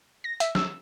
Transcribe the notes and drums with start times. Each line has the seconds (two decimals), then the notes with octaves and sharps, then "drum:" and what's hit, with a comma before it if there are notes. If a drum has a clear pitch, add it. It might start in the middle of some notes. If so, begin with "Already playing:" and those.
0.24 A#6
0.40 E5, drum: hi-hat
0.55 E6, drum: snare